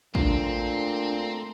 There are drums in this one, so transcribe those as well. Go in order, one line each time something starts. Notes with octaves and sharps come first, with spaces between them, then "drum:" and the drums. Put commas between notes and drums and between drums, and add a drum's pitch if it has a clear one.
A#2 A3 C4 D4 A#5 C6, drum: kick A1